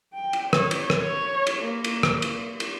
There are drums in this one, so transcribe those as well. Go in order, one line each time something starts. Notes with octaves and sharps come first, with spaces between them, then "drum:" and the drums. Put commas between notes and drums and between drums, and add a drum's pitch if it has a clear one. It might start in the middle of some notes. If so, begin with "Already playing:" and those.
G5
drum: cymbal
C#5, drum: rim click
drum: cymbal
drum: rim click
C#5
drum: cymbal
A#3
drum: cymbal
drum: rim click
drum: cymbal
drum: cymbal